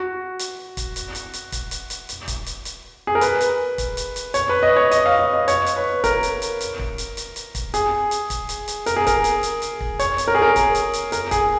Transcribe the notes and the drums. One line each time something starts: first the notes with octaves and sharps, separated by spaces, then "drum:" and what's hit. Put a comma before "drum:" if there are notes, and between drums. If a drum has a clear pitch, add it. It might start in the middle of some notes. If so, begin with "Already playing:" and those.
Already playing: F#4
drum: hi-hat
drum: kick, hi-hat
drum: hi-hat
drum: hi-hat
drum: hi-hat
drum: kick, hi-hat
drum: hi-hat
drum: hi-hat
drum: hi-hat
drum: kick, hi-hat
drum: hi-hat
drum: hi-hat
G#4
A#4
B4, drum: hi-hat
drum: hi-hat
drum: kick, hi-hat
drum: hi-hat
drum: hi-hat
C#5, drum: hi-hat
B4
D#5
C#5
D#5, drum: hi-hat
F5
D#5
D#5
C#5, drum: hi-hat
drum: hi-hat
B4
A#4, drum: kick, hi-hat
drum: hi-hat
drum: hi-hat
drum: hi-hat
drum: kick
drum: hi-hat
drum: hi-hat
drum: hi-hat
drum: kick, hi-hat
G#4, drum: hi-hat
drum: hi-hat
drum: kick, hi-hat
drum: hi-hat
drum: hi-hat
A#4, drum: hi-hat
G#4
A#4, drum: kick, hi-hat
drum: hi-hat
drum: hi-hat
drum: hi-hat
drum: kick
C#5, drum: hi-hat
drum: hi-hat
A#4
G#4
A#4
drum: kick, hi-hat
drum: hi-hat
drum: hi-hat
A#4, drum: hi-hat
G#4, drum: kick, hi-hat